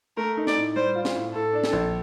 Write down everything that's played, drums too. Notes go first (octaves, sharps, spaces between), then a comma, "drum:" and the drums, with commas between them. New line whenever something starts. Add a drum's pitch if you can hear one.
A3 A#4
D#4
D5, drum: snare
A2
G3 C5
F4
drum: snare
A2
A2 A4
D4
drum: snare
A#1